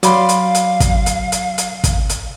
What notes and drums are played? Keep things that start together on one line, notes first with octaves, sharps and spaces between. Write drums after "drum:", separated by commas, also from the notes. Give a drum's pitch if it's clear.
F#3 D5 F5 B5 C6, drum: hi-hat
drum: hi-hat
drum: hi-hat
drum: kick, hi-hat
drum: hi-hat
drum: hi-hat
drum: hi-hat
drum: kick, hi-hat
drum: hi-hat